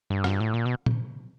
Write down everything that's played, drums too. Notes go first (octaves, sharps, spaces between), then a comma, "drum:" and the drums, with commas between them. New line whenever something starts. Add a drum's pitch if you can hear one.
G2
F#2, drum: rim click
G2
A2
A#2
B2
drum: tom